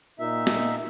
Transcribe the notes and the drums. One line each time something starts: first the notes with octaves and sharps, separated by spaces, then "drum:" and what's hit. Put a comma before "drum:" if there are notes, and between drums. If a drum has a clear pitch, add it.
A#2 D#4 E5
drum: snare